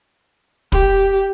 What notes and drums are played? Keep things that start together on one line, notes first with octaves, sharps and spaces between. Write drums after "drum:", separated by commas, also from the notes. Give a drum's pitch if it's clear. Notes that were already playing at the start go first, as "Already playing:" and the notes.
G4, drum: kick